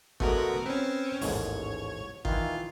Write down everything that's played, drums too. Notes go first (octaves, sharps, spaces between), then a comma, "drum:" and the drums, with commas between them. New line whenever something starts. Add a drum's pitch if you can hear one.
D3 G#3 A3 B3 F#4 A#4, drum: kick
C4 C#4 B4
A1 D#2 G#2 C#5, drum: open hi-hat
D#3 E3 F4, drum: kick